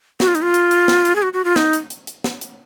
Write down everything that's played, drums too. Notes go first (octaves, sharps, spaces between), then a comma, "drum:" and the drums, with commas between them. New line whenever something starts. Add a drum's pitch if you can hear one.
F#4, drum: snare
F4
D#4, drum: hi-hat
F4
drum: hi-hat
drum: hi-hat
drum: snare
drum: hi-hat
G#4
F#4
F#4
F4
D#4, drum: snare
drum: hi-hat
drum: hi-hat
drum: hi-hat
drum: snare
drum: hi-hat